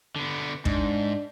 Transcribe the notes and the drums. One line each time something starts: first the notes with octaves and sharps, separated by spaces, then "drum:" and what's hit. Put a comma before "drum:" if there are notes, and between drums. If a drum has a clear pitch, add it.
D3 B3
G#2 D4, drum: kick